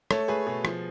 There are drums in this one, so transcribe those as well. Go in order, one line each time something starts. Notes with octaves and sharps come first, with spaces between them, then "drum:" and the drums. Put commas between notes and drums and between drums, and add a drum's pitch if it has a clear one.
A3 A4 C#5, drum: rim click
A3 G#4 B4
B2 G#4
F3, drum: rim click